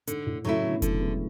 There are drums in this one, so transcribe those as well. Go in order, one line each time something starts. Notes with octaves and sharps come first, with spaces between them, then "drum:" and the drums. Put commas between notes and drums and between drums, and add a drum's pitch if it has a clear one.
G#2 D3, drum: hi-hat
A2
A2 C#3 F#3 A3 E4
B2 D3
D3 F#3 A3, drum: kick F1, hi-hat
G#3 B3